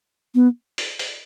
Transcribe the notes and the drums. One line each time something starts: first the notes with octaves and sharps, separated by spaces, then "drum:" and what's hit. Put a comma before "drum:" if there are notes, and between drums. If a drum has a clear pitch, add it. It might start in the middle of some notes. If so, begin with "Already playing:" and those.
B3
drum: open hi-hat
drum: open hi-hat